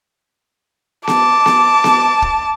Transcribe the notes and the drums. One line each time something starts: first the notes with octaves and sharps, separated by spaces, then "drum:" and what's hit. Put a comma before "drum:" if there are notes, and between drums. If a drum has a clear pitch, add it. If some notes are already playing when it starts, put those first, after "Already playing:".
A5 D6, drum: snare B3
drum: snare B3
drum: snare B3
drum: kick